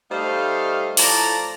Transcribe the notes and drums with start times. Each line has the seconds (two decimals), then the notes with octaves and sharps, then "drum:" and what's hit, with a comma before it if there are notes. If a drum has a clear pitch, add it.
0.10 G3 A3 D#4 C5 F5
0.97 A2 F3 D5 A5 A#5, drum: open hi-hat